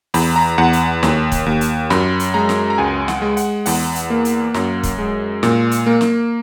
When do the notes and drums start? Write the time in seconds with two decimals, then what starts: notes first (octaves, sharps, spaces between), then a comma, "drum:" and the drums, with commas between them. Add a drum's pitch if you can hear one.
0.14 E2 B5, drum: open hi-hat
0.36 A#5
0.58 E2 F#5
0.73 drum: hi-hat
1.03 D#2, drum: snare
1.32 drum: kick, hi-hat
1.46 D#2
1.61 drum: hi-hat
1.90 F#2 B5, drum: snare
2.20 drum: hi-hat
2.34 G#3 A#5
2.49 drum: snare
2.70 A#5
2.78 C#2 G#5
3.08 F#5, drum: snare
3.22 G#3
3.37 F#5, drum: hi-hat
3.66 E2 F#5, drum: open hi-hat
3.96 drum: hi-hat
4.10 A#3
4.25 drum: hi-hat
4.54 F#2, drum: snare
4.83 drum: kick, hi-hat
4.98 G#3
5.43 A#2, drum: snare
5.71 drum: hi-hat
5.86 A#3
6.01 drum: snare